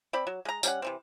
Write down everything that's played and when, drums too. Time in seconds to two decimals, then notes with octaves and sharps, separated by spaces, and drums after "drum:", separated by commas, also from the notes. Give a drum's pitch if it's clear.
0.13 C4 D5 B5
0.27 F#3
0.45 G#3 A#5
0.63 G3 C#4 F#5, drum: tambourine
0.82 C3 E3 C4